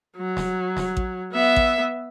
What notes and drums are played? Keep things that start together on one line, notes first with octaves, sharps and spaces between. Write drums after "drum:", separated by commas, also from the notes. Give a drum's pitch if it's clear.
F#3
drum: snare
drum: snare
drum: kick A1
B3 E5
drum: kick A1